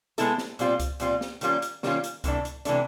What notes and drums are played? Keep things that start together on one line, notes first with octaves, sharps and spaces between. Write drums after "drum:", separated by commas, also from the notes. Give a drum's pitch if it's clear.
G#3 B3 E4 A4, drum: hi-hat
drum: snare
A#2 G3 C4 F4, drum: hi-hat
drum: kick C#2, hi-hat
A#2 G3 C4 F4, drum: hi-hat
drum: snare
D#3 G3 A#3 C#4 F4, drum: hi-hat
drum: hi-hat
D#3 G3 A#3 C#4 F4, drum: snare
drum: hi-hat
C3 E3 A3 D4, drum: kick C#2, hi-hat
drum: hi-hat
C3 E3 A3 D4, drum: hi-hat